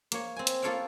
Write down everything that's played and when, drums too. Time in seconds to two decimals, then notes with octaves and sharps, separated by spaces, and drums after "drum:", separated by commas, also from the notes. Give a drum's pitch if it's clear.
0.12 A#3 C#5, drum: hi-hat
0.36 C4 G#5
0.47 drum: hi-hat
0.63 A#3 F4 A4 C#5 F5 G5